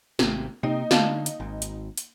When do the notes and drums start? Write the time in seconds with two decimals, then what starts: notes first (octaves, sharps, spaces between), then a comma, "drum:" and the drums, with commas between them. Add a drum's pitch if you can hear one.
0.19 G#1 C3, drum: snare
0.63 C3 A#3 C4 D#4 D#5
0.91 D3 F5 A5, drum: snare
1.26 drum: hi-hat
1.40 G#1
1.62 drum: hi-hat
1.97 drum: hi-hat